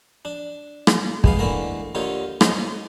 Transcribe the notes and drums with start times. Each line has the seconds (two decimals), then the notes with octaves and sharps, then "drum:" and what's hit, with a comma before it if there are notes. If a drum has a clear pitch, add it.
0.25 D4
0.87 drum: rim click
1.24 G#3 B3 F5, drum: kick
1.39 D3 E3 A3 A#3 A#4
1.95 D#2 D3 D#4 F4 C#5
2.41 D#4 C5 C#5 D#5, drum: rim click